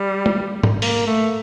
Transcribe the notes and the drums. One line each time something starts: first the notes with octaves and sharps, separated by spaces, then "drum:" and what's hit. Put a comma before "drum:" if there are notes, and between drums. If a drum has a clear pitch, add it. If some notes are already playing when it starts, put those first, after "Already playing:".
Already playing: G3
drum: tom
drum: tom G#2
A#3, drum: open hi-hat
A3